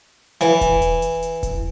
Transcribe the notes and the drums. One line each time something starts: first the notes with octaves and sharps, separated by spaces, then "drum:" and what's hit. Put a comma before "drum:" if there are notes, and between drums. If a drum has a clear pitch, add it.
E3, drum: snare
drum: kick E1, hi-hat
drum: hi-hat
drum: hi-hat
drum: hi-hat
drum: kick E1, hi-hat